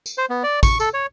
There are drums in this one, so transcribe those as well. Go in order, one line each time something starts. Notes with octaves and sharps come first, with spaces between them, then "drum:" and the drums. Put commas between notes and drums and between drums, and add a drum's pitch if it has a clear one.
drum: tambourine
C5
B3
D5
C#6, drum: kick, tambourine
A4, drum: tambourine
C#5